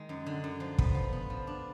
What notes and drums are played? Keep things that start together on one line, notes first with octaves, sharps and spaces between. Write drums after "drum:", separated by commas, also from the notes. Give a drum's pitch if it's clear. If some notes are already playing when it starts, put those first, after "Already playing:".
Already playing: D#3 G#3
F#2
D3
F#2
F3
B3, drum: kick
F3
B3
F3
D4